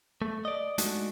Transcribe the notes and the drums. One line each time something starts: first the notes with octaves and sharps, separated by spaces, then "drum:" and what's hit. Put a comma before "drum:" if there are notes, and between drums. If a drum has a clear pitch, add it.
A3
D5 D#5
G#3 A3 D4 D#4 F#4, drum: hi-hat